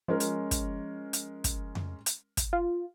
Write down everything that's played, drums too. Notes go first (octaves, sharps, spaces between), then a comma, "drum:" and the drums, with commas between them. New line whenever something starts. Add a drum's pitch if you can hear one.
F3 G#3 C#4 A#4
drum: hi-hat
drum: kick, hi-hat
drum: hi-hat
drum: kick, hi-hat
drum: tom F2
drum: hi-hat
drum: kick, hi-hat
F4